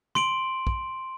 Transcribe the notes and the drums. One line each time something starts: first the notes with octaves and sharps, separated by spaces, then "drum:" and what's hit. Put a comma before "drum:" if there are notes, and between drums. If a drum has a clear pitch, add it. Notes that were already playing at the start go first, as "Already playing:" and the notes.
C6 D7 F#7, drum: tom
drum: kick